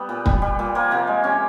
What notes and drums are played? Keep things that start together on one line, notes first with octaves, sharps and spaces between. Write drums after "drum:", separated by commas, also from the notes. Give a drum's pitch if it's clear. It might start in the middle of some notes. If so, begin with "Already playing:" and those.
Already playing: G3 B3
A#2
G3, drum: kick
G3
A#2
F3 A#3
C3 A#3
G#3
C3 C#4